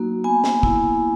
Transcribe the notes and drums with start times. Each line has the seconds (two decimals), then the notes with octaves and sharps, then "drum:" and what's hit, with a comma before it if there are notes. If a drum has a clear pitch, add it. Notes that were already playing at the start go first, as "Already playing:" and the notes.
Already playing: F#3 A#3 D#4 F#4
0.24 B3 G#5
0.44 drum: snare
0.63 E4, drum: kick